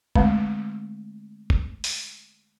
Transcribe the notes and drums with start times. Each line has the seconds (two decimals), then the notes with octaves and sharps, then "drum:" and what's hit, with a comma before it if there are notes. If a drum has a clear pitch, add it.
0.16 D3 G#3 A3 C4, drum: kick
1.50 drum: kick
1.84 drum: open hi-hat